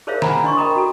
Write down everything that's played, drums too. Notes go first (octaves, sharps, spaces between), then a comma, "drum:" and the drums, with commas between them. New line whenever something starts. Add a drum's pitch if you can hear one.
G#4 A#4 C5 C#5 E5 F5
B4 F#5 G#5 A#5 B5, drum: snare
D4 D#5 C6 C#6
A#4 D#5 G5 A#5 B5 D#6
F#4 A4